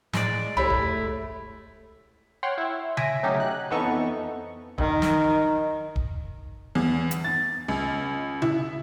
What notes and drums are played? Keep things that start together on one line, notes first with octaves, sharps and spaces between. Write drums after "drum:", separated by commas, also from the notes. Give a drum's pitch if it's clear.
A2 G#3 D5, drum: snare
C#2 A3 E4 G4 C#5 B5
drum: kick
C#5 F#5 G5 C6 F6 F#6
E4
E5 G#5 A#6 D7, drum: tom C#3
F#3 A3 C#4 D#4 G4
F#6
F2 E3 B3 D#4 A4 C#6
D#3, drum: kick
drum: snare
drum: kick
E2
drum: hi-hat
A6
C#2
E4, drum: tom C#3